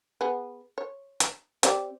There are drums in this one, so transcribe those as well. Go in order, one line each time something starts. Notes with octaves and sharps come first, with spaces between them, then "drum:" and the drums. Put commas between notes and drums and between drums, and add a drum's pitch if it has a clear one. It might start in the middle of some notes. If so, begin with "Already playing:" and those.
B3 G#4
C#5
drum: hi-hat
C4 G4 D5, drum: hi-hat